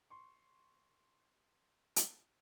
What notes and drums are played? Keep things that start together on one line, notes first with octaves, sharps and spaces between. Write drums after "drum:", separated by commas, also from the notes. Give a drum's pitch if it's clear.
C6 C#6
drum: hi-hat